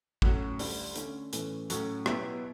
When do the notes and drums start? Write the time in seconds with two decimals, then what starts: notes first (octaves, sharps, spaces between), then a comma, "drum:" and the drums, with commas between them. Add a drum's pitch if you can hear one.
0.22 A2 F#3 C#4 F#4, drum: kick
0.59 D2 D3 G3 D4, drum: open hi-hat
0.95 D3 A3 C#4, drum: hi-hat
1.33 A2 E3 A3 C#4, drum: hi-hat
1.70 A2 F#3 A3 C#4 F#4, drum: hi-hat
2.06 B2 F#3 B3 E4 G4, drum: rim click